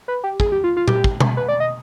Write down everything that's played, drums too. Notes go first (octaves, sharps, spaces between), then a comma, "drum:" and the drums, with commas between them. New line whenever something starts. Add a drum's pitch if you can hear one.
B4
G4
G#4, drum: kick
G4
F4
F4
G4, drum: tom A#2
drum: kick
drum: tom B2
B4
D5
D#5